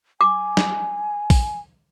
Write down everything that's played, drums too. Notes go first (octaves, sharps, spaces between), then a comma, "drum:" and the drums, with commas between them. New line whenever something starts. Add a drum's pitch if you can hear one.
G#5 D6
drum: snare
drum: kick A#1, open hi-hat